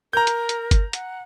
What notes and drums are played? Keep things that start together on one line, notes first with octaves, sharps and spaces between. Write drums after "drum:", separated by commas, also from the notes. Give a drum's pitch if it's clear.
A#4 A#5 G6
drum: hi-hat
drum: hi-hat
drum: kick G1, hi-hat
F#5, drum: hi-hat